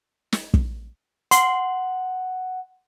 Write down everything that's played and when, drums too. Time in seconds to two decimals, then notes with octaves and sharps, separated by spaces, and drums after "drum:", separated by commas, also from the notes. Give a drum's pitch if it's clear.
0.32 drum: snare
0.54 drum: kick
1.31 F#5 C6, drum: hi-hat